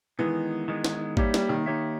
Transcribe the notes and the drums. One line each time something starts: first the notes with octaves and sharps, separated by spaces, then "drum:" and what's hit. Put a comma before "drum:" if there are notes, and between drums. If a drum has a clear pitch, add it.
D#3 E3 G#3 B3
D#3 G#3 B3
drum: snare
G3 A#3 D#4 G4 C#5 E5, drum: kick
G3, drum: snare
D#3
A#3 D#4 G4 C#5 E5